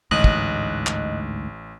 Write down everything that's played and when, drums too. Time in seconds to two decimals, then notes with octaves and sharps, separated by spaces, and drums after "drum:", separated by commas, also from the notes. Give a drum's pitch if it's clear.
0.11 A1 D2 G#2 D#5 F#6
0.24 drum: kick
0.87 drum: clap